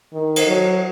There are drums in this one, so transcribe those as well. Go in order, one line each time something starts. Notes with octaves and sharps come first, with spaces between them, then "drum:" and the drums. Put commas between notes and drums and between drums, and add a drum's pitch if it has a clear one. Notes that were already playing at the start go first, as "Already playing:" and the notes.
D#3
drum: cymbal
F#3